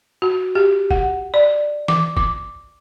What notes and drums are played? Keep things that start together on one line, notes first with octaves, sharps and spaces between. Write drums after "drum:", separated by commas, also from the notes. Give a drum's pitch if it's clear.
F#4
G4
F#5, drum: kick
D5
D6, drum: snare
D6, drum: kick